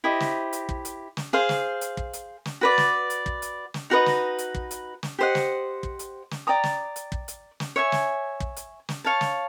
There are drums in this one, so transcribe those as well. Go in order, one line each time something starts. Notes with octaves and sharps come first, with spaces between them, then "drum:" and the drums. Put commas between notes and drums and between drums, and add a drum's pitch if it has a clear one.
E4 G4 C5 D#5
drum: snare
drum: hi-hat
drum: kick
drum: hi-hat
drum: snare
G#4 C5 F5
drum: snare
drum: hi-hat
drum: kick
drum: hi-hat
drum: snare
F#4 B4 D5
drum: snare
drum: hi-hat
drum: kick
drum: hi-hat
drum: snare
D#4 F#4 B4 D#5
drum: snare
drum: hi-hat
drum: kick
drum: hi-hat
drum: snare
G4 C5 D#5 F#5
drum: snare
drum: kick
drum: hi-hat
drum: snare
D5 G5 A#5 D#6
drum: snare
drum: hi-hat
drum: kick
drum: hi-hat
drum: snare
C#5 E5 G#5
drum: snare
drum: kick
drum: hi-hat
drum: snare
C#5 F5 A5
drum: snare